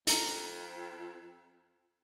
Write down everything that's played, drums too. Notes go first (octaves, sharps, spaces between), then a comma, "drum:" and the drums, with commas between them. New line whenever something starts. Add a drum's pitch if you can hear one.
F2 A4 F5 A#5, drum: hi-hat